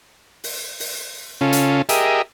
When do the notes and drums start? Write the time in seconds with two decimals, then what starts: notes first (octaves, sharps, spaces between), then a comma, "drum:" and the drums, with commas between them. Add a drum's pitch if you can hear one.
0.44 drum: open hi-hat
0.80 drum: open hi-hat
1.41 C#3 C#4 F4 A4
1.53 drum: hi-hat
1.89 G4 G#4 A#4 D#5 E5, drum: hi-hat